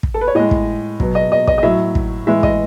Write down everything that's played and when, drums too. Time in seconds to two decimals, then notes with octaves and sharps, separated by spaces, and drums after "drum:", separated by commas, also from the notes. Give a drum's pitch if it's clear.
0.03 drum: kick
0.14 A4
0.21 B4
0.28 C#5
0.35 A2 G#3 D#5
0.51 drum: kick
1.00 B2 F#3, drum: kick
1.15 D#5
1.32 D#5
1.48 D#5, drum: kick
1.58 D#5
1.63 A2 F#3 E5
1.95 drum: kick
2.27 A2 E3 G#3 E5
2.43 D#5, drum: kick